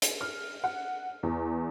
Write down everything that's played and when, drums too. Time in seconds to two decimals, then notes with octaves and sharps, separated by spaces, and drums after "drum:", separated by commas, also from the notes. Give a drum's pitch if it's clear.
0.02 drum: hi-hat
0.21 F6
0.64 F#5
1.23 E2